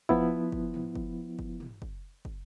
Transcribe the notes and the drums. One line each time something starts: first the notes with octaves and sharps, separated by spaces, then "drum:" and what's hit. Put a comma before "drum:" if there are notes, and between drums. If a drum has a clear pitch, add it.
F3 B3 E4, drum: kick
drum: kick
drum: tom
drum: kick
drum: kick
drum: tom
drum: kick
drum: kick